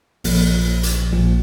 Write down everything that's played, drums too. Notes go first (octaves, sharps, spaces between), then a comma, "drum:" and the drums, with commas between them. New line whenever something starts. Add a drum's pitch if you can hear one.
A#1 A#2 F3, drum: open hi-hat
drum: hi-hat
A#1 A#2 F3